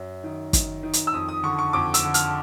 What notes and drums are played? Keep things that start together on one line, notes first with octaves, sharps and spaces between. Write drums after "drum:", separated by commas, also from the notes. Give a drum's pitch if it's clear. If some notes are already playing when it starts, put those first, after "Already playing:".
Already playing: F#2
D#3
D#3, drum: kick, hi-hat
D#3
drum: hi-hat
E6
F2 D#6
D#6
D3 C#6
C#6
F2 D6
E6, drum: hi-hat
D3
F6, drum: hi-hat